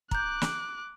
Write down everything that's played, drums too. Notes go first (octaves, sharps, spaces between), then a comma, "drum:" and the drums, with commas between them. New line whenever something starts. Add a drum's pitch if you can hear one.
A#5 D6 F#6 G6, drum: kick
drum: snare